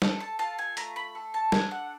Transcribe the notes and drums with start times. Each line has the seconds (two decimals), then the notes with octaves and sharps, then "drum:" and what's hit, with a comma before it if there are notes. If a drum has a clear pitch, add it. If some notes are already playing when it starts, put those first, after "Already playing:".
0.02 A4, drum: snare
0.20 A5
0.39 F4 A5
0.59 G#5
0.77 A3 A#5, drum: hi-hat
0.96 B5
1.15 A4
1.34 A5
1.52 D4 G#5, drum: snare
1.71 F#5